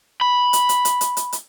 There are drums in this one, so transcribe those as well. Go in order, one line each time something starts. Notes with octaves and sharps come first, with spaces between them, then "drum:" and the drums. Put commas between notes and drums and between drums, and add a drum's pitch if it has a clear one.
B5
drum: hi-hat
drum: hi-hat
drum: hi-hat
drum: hi-hat
drum: hi-hat
drum: hi-hat